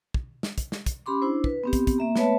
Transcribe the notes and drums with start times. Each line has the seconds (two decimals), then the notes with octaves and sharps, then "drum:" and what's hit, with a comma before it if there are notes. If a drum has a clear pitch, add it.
0.14 drum: kick
0.43 drum: snare
0.58 drum: kick, hi-hat
0.72 drum: snare
0.86 drum: kick, hi-hat
1.06 C#4 G4 B5 C6 D6
1.22 D4 E4 C5
1.44 B4, drum: kick
1.63 B3 C4 G4
1.73 drum: kick, hi-hat
1.87 drum: kick, hi-hat
1.98 A#3 E5 A#5
2.16 A3 B3 B4 C#5 E5 A5, drum: snare